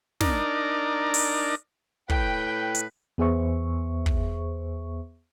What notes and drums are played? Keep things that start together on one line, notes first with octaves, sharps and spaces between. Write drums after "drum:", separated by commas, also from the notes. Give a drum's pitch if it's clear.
D4 D#4 A#4 D5, drum: snare
drum: open hi-hat
A2 B4 G5, drum: kick
drum: hi-hat
E2 B3 G#4 C5 E5 C#6
drum: kick